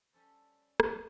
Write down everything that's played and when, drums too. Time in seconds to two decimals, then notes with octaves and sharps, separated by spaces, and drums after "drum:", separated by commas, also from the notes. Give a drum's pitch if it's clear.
0.13 G3 C#4 A4 C5
0.80 drum: rim click